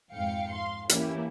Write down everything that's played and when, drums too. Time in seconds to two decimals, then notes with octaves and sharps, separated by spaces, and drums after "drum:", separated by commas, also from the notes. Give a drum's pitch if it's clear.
0.13 F2 G#2 F5 G5 C#7
0.54 F5 C6
0.89 E3 A#3 C#4 E4 G4, drum: hi-hat